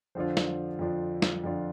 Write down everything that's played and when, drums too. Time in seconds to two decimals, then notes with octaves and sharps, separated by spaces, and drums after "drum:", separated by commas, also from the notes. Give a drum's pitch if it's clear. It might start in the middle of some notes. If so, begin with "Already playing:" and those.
0.15 F2 D3 F3 D4 F4 C5
0.37 drum: snare
0.79 F2 D3 F3 D4 F4
1.22 drum: snare
1.44 F2 D3 F3 D4 F4